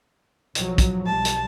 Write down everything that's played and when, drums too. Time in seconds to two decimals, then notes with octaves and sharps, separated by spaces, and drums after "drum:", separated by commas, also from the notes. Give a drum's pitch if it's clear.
0.55 B1 F3 F#3, drum: hi-hat
0.78 drum: kick, hi-hat
1.07 B1 G3 A5
1.25 drum: hi-hat